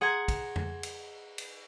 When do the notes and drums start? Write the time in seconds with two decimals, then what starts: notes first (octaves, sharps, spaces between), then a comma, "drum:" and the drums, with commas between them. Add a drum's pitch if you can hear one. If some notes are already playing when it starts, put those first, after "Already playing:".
0.01 G#4 F#5 A#5 C6 G#6
0.28 drum: kick, cymbal
0.56 drum: tom F2
0.83 drum: cymbal
1.38 drum: cymbal